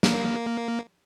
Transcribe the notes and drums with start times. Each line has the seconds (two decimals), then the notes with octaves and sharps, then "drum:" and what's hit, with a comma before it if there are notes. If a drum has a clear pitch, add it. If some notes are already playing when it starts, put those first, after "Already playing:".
0.03 A#3, drum: snare